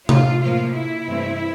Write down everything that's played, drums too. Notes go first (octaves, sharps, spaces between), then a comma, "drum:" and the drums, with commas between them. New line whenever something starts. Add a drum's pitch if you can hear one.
F4, drum: tom C3
A2 F3 A#3 F4
E4
G2 E3 A3 C4